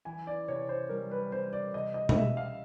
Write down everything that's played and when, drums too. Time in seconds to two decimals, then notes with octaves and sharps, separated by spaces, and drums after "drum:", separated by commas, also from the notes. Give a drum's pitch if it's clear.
0.05 E3 G#5
0.27 D5
0.48 C3 C#5
0.69 C5
0.89 G3 A#4
1.11 B4
1.31 C4 C5
1.53 D5
1.74 C3 D#5
1.94 D#5
2.09 D#5, drum: tom B2
2.15 C2 E5
2.37 F5